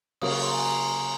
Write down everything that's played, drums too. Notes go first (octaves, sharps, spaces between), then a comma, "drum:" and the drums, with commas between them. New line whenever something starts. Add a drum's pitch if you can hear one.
C#3 F#3 A#3 D#6, drum: cymbal
C#6
C6
A#5
G#5
A#5